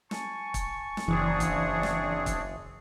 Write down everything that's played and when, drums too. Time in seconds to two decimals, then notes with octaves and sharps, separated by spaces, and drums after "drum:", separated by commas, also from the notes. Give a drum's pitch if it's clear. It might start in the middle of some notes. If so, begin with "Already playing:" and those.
0.11 G#5 A5 C#6, drum: snare
0.54 drum: kick, hi-hat
0.97 drum: snare
1.08 F#1 E3 C4 D4 G#4
1.40 drum: kick, hi-hat
1.83 drum: snare
2.26 drum: kick, hi-hat